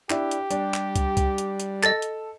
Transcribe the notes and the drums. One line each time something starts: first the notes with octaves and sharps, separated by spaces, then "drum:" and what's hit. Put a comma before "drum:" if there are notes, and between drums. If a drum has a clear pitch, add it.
D4 E4 G4 E5, drum: clap
drum: hi-hat
G3 D4, drum: hi-hat
drum: clap
drum: kick, hi-hat
drum: kick, hi-hat
drum: hi-hat
drum: hi-hat
A4 D#5 A6, drum: clap
drum: hi-hat